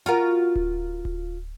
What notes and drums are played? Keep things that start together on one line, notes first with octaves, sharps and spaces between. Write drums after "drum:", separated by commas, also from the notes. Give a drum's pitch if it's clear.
F4 F#4 A#4
drum: kick D1
drum: kick D1